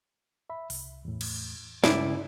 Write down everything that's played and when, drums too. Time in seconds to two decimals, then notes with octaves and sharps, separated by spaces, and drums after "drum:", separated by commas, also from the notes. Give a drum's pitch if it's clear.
0.50 E5 B5
0.70 C2, drum: open hi-hat
1.05 E2 A2
1.21 drum: cymbal
1.84 C#2 G2 C#3 C#4 E4 D5, drum: snare